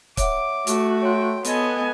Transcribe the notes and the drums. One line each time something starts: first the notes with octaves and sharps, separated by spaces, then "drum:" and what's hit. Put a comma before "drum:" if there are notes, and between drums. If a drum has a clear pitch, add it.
C#5 E5 F#5 D6, drum: kick, hi-hat
A3 F#4, drum: hi-hat
C#5 G5 C6
B3 A4 D#5 G#5, drum: hi-hat